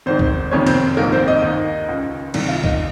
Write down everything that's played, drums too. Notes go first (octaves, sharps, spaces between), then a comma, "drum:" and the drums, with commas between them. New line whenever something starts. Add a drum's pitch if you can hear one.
G#1 G#2 D#3 C4 C5
drum: kick
F#1 F2 C3 D#3 C#4 C#5
C4 C5, drum: cymbal
A#1 G#2 D#3 A#3 A#4
C4 C5
D#4 D#5
D#2
D#3
C#2 C#3
C2 C3 D#3, drum: cymbal
F4 F5
D#4 D#5, drum: kick